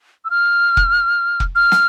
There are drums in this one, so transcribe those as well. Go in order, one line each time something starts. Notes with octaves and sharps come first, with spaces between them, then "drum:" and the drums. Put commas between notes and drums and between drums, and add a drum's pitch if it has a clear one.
E6
F6
drum: kick F1
drum: kick F1
F6
drum: snare